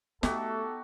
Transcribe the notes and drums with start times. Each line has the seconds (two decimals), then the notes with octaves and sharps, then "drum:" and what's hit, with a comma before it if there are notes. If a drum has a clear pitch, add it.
0.23 A3 B3 D#4 F#4 G4 A4, drum: snare